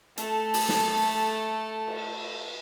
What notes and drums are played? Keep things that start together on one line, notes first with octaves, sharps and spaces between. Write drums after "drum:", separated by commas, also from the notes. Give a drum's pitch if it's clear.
A3 A4, drum: hi-hat
drum: open hi-hat
drum: snare
drum: cymbal